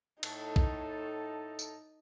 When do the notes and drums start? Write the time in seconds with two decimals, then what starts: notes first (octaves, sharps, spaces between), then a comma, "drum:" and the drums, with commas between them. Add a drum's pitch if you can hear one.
0.23 A2 D#4 A4 A5, drum: cymbal
0.56 drum: kick
1.59 drum: tambourine